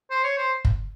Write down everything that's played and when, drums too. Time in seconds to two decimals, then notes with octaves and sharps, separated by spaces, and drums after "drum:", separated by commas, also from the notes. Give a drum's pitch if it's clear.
0.10 C5
0.24 C#5
0.37 C5
0.65 drum: kick